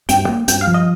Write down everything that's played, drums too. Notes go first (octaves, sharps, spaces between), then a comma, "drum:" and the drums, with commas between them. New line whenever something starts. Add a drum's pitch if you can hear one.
G2 G5, drum: hi-hat
A#3
G2 G5, drum: hi-hat
F5
F3
D#5